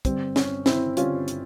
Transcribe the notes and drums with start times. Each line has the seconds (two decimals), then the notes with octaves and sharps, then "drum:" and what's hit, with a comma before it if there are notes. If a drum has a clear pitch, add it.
0.05 G1 G2 G3 C4, drum: kick, hi-hat
0.36 C#4, drum: snare
0.66 C4 E4, drum: snare
0.97 G1 G2 G3 C#4 F4, drum: hi-hat
1.28 drum: hi-hat